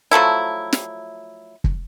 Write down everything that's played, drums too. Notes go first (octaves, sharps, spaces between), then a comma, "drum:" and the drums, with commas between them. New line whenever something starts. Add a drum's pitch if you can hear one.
F3 F#3 A3 E4
drum: snare
drum: kick